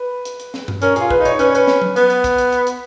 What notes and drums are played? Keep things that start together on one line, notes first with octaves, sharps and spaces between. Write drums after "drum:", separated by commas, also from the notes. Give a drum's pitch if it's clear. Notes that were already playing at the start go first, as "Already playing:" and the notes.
Already playing: B4
drum: hi-hat
drum: hi-hat
drum: snare
drum: tom G2
C#4 A#4, drum: hi-hat
F4 G#4, drum: hi-hat
B4, drum: kick
D#4
C#5, drum: hi-hat
C#4 B4, drum: hi-hat
C#5
B4, drum: hi-hat
drum: snare
drum: tom F#3
B3, drum: hi-hat
drum: hi-hat
drum: kick, hi-hat
drum: hi-hat
drum: hi-hat
drum: hi-hat